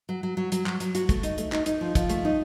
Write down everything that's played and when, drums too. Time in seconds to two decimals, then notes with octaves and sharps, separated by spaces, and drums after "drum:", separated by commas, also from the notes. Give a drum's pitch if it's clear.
0.09 F#3
0.23 F#3
0.37 F#3
0.52 F#3, drum: hi-hat
0.66 F#3, drum: clap
0.80 F#3, drum: hi-hat
0.95 F#4, drum: hi-hat
1.09 A3, drum: kick, hi-hat
1.23 D#4, drum: hi-hat
1.38 A3, drum: hi-hat
1.52 D#4, drum: clap
1.66 D#4, drum: hi-hat
1.81 F3
1.95 F3, drum: kick, hi-hat
2.09 A3, drum: hi-hat
2.25 D#4